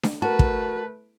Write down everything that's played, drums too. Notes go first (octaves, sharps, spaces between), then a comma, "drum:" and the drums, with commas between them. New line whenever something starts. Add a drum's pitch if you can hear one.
drum: snare D4
A3 F#4 A#4 B4 A5
drum: kick